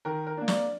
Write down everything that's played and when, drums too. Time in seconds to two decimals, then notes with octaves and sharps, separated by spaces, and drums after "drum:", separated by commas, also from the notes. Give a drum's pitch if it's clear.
0.05 D#3 A#4
0.27 A#4
0.37 A#3 D4
0.48 D5, drum: snare